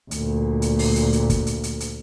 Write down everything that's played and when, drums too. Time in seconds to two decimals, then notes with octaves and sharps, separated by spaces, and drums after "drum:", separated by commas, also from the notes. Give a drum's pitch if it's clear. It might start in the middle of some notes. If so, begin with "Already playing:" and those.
0.11 D2 A#2, drum: hi-hat
0.62 drum: hi-hat
0.79 drum: open hi-hat
0.96 drum: hi-hat
1.13 drum: hi-hat
1.30 drum: kick, hi-hat
1.47 drum: hi-hat
1.63 drum: hi-hat
1.80 drum: hi-hat